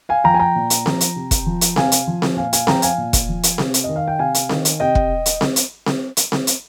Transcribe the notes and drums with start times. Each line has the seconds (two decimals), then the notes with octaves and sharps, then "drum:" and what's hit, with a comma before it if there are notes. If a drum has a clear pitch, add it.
0.09 F5 G#5
0.24 F3 G5 A#5
0.34 G#5
0.39 G5 A#5
0.56 A#2
0.70 drum: hi-hat
0.86 F3, drum: snare C4
1.01 drum: hi-hat
1.16 C3
1.31 drum: kick, hi-hat
1.46 F3
1.61 drum: hi-hat
1.76 C3 F5 G#5, drum: snare C4
1.92 drum: hi-hat
2.07 F3
2.22 drum: snare C4
2.37 A#2 F5 G#5
2.53 F5 G#5, drum: hi-hat
2.67 F3 G5 A#5, drum: snare C4
2.82 F5 G#5, drum: hi-hat
2.98 A#2
3.13 drum: kick, hi-hat
3.29 F3
3.43 drum: hi-hat
3.58 C3, drum: snare C4
3.74 drum: hi-hat
3.84 D#3 D#5
3.96 F5
4.08 G5
4.19 C3 F5 G#5
4.35 drum: hi-hat
4.49 D#3, drum: snare C4
4.65 drum: hi-hat
4.80 C3 D#5 G5
4.95 drum: kick
5.26 drum: hi-hat
5.41 drum: snare C4
5.56 drum: hi-hat
5.86 drum: snare C4
6.17 drum: hi-hat
6.32 drum: snare C4
6.47 drum: hi-hat